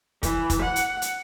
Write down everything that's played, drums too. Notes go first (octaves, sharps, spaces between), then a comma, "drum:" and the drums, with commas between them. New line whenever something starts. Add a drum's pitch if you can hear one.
E3, drum: kick, hi-hat
drum: kick, hi-hat
F#5
drum: hi-hat
drum: hi-hat